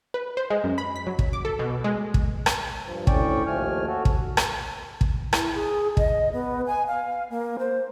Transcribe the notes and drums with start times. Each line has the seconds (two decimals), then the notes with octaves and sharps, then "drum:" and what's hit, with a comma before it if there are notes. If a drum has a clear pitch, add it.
0.14 B4
0.37 C5
0.50 G#3
0.64 F#2
0.78 B5
0.96 B6
1.07 F#3
1.19 drum: kick
1.33 D6
1.45 A4
1.59 B2
1.84 G#3
2.14 drum: kick
2.46 drum: rim click
2.85 G2 F3
3.07 D2 A2 C#4 D5 G5 C#6, drum: kick
3.47 D#2 F3 A3 G#5 F6
3.87 F#4 A4
4.05 drum: kick
4.37 drum: rim click
5.01 drum: kick
5.33 E4, drum: rim click
5.55 G#4
5.97 D#5, drum: kick
6.33 B3
6.66 G#5
6.87 F5
7.30 A#3
7.59 C5